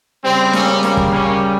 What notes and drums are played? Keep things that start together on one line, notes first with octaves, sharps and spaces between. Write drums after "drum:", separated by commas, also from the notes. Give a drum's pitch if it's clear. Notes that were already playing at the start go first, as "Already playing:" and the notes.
C#3 G3 C4
A#3 C#4, drum: snare
A#3, drum: snare
drum: kick
A#3 C#4